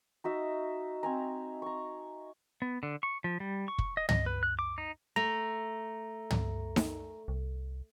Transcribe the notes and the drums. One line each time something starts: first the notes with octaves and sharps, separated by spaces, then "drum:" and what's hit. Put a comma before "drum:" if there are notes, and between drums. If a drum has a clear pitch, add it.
D#4 F#4 E5
C4 G#5 A#5
A#5 C#6
B3
D3
C#6
F3
G3
C#6
drum: kick
D#5
D#5, drum: tom
B4
F#6
D6
D#4
A3 A#5
drum: tom
drum: snare D#4
C2